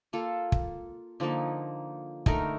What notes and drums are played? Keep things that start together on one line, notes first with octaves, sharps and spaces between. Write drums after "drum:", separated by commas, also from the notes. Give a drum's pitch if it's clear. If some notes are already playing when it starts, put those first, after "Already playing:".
A#3 F4 A4
drum: kick
D3 F3 A#3 D#4
D3 A3 D#4 A#4, drum: kick